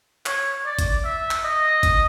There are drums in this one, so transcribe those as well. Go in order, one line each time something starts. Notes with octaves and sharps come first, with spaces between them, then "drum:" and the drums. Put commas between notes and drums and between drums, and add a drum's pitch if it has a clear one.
C#5, drum: clap
D5
drum: kick G#1, hi-hat
E5
drum: clap
D#5
drum: kick G#1, hi-hat